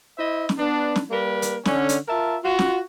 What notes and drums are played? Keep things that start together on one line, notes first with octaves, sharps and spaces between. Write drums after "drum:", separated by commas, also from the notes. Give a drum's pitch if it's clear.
E4 C5 D#5 E5
drum: snare
B3 D4
drum: snare
G3 A#3 A#4 B4
drum: hi-hat
D3 C#4, drum: snare
drum: hi-hat
F4 A#4 E5 A5
F4 F#4
drum: snare